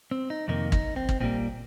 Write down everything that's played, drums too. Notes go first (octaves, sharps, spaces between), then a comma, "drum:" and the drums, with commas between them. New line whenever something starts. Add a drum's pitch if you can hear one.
C4
D#4
F2 C3 D#3 A#3 D#4
D#4, drum: kick
C4
drum: kick
A#2 G3 A#3 C4